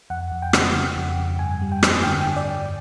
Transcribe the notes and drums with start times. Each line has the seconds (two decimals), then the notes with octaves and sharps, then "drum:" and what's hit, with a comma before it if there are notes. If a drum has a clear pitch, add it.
0.10 F2 F#5
0.32 F2
0.42 G5
0.53 C#3, drum: rim click
0.74 C#3
0.96 F2
1.18 F2
1.39 G2 G#5
1.62 G3
1.72 G5
1.83 G2, drum: rim click
2.03 D3 G5
2.21 G5
2.26 G2
2.36 D5
2.47 G2